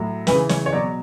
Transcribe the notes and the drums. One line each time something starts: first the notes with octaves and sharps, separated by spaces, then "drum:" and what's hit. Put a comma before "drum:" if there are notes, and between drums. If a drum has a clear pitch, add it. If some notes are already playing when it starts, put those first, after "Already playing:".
Already playing: A2 F#3
C#3 E3 B4, drum: snare
C#5, drum: snare
C#5
B2 F#3 D5